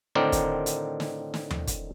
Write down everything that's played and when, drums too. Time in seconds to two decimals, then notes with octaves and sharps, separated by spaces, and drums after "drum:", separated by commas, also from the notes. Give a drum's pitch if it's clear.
0.15 A2 D3 D#3 C4 A#4 D5
0.32 drum: kick, hi-hat
0.66 drum: hi-hat
1.00 drum: snare
1.34 drum: snare
1.50 drum: tom D#2
1.67 drum: kick, hi-hat